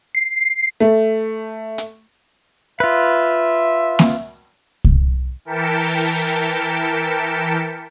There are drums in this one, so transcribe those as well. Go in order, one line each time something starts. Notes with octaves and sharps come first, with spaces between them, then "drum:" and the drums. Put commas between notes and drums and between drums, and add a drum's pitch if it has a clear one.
C7
A3
drum: hi-hat
F4 B4 E5
drum: snare A#3
drum: kick C2
E3 A#4 G5 A5 B6 C#7